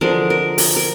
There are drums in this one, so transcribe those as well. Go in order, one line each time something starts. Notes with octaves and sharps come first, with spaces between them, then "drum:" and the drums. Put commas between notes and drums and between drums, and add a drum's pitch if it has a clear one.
D3 F3 G#3 A#4
A#4
A#4, drum: open hi-hat
A#4